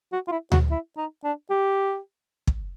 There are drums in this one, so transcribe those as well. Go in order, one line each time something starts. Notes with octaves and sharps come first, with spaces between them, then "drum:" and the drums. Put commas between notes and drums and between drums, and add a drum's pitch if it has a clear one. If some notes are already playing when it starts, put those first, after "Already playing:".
F#4
F4
E4
F#4, drum: tom D2
E4
D#4
D4
G4
drum: kick